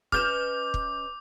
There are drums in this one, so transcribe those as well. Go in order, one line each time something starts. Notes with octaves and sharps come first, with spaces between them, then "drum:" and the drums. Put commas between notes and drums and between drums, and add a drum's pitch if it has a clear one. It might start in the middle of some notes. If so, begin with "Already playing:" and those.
C#4 B4 D#5 D6 F6 G6 E7, drum: kick
drum: kick